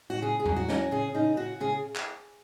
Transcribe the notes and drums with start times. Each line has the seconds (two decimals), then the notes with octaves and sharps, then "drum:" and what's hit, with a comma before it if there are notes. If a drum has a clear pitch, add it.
0.10 F#4
0.22 C#3 G#4
0.40 G#4
0.46 F#3, drum: tom E2
0.56 F#4
0.68 C#4 D#4, drum: snare
0.74 F#4
0.91 C#3 G#4
1.14 C#3 D#4
1.37 C#3 F#4
1.60 C#3 G#4
1.96 drum: clap